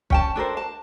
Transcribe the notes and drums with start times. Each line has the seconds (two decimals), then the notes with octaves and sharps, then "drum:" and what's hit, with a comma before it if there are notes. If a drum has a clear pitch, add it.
0.10 C#4 G5 A5, drum: kick
0.36 D4 A4 A#4 C5
0.57 A5